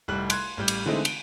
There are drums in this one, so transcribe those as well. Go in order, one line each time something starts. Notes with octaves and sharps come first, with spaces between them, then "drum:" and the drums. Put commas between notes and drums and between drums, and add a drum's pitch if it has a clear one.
F1 C2 G3 F#6 F#7
C6 F#6 G#6, drum: cymbal
A1 G3 G6
drum: cymbal
D3 E3 G#3 A3 C4 D#4
D7 G7, drum: cymbal